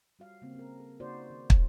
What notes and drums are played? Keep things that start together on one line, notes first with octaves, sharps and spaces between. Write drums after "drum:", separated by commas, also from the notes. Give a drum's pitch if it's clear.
G3 F#4 F5
C#3 A#3 C4
C4 A#4
A4
C#3 A#3 D#4 F#4 C5 D5
D#3
drum: kick